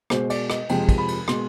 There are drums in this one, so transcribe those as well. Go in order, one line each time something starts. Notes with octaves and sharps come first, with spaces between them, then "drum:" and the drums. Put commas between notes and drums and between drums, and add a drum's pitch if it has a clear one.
B2 G#3 C5, drum: rim click
D5, drum: cymbal
D#5, drum: rim click
F2 C3 F3 G#3 G5, drum: cymbal
drum: kick, cymbal
B5
drum: cymbal
B2 G#3 C6, drum: rim click